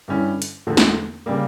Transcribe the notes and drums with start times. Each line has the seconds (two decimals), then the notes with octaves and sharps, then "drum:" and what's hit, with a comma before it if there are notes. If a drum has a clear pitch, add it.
0.08 G2 D3 G3 C#4 E4
0.42 drum: hi-hat
0.67 E2 D3 F3 A3
0.77 drum: snare
1.26 C#3 G3 A#3